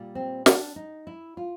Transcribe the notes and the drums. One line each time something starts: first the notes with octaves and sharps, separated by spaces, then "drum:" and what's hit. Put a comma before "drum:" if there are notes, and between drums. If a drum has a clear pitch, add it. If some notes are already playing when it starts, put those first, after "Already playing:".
Already playing: A#2 G3
C4
D4, drum: snare
D#4
E4
F4